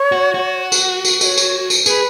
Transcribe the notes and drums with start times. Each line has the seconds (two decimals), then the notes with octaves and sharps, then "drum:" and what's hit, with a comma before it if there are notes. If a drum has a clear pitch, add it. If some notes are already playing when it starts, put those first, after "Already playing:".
Already playing: C#5
0.12 F#4
0.34 F#4
0.72 drum: tambourine
1.05 drum: tambourine
1.21 D#5, drum: tambourine
1.24 C#5
1.37 drum: tambourine
1.70 drum: tambourine
1.86 G#4 B4, drum: tambourine